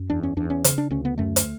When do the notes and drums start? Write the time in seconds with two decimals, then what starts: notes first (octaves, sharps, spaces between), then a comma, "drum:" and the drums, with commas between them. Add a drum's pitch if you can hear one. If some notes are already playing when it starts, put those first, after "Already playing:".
Already playing: F#2
0.10 E2 D4
0.23 C#4
0.37 E2 D4
0.50 C#4
0.64 C#3, drum: hi-hat
0.78 D4
0.91 D2 C#4
1.05 B3
1.18 F#2 A3
1.36 drum: hi-hat